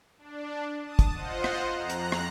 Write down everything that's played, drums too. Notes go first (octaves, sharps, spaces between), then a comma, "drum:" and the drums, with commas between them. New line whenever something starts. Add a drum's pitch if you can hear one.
D4
A5 D#6
drum: kick, hi-hat
F4 C5 D#5 F#5
drum: rim click
F2 A#5 F#6
drum: hi-hat
drum: rim click